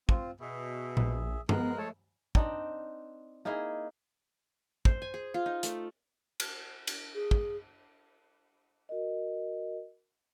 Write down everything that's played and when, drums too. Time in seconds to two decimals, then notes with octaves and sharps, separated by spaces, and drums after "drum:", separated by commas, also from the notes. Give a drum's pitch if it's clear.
0.09 C4 F4, drum: kick
0.41 B2 G#4 E5
0.97 A#1, drum: tom A#2
1.49 F3 G#3 B3 A#4 F#6, drum: tom
1.78 A3 A4 C#5 A5
2.35 C4 D4 D#4, drum: kick
3.45 A#3 D#4 E4 G#4
4.85 C5, drum: kick
5.02 G#5
5.14 G#4
5.34 F4
5.46 D#4
5.63 A3, drum: hi-hat
6.40 drum: cymbal
6.87 drum: cymbal
7.15 G#4
7.31 drum: kick
8.89 F#4 A#4 D#5